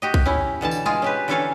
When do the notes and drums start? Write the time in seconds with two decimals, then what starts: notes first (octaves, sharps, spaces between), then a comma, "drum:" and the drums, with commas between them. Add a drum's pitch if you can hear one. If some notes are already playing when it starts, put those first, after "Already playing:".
0.02 F#4 G4 D#5
0.14 drum: kick B1
0.26 C#4 E4
0.61 B2 D3 E3 A5
0.71 drum: tambourine
0.86 G#3 F4 G#4
1.02 C#4 G4 B4
1.28 D3 E3 C#4 A4 C#5 F5